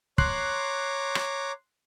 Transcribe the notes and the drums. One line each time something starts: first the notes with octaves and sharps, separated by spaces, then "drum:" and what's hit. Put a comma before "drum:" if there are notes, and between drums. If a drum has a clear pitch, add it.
C#5 A#5 C6 D6 F#6 C7, drum: kick
drum: rim click